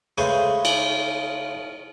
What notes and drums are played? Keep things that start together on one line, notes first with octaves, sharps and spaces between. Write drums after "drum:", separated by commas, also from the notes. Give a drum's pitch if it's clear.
C#3 G#3 A3 G#4 B4 C5
drum: cymbal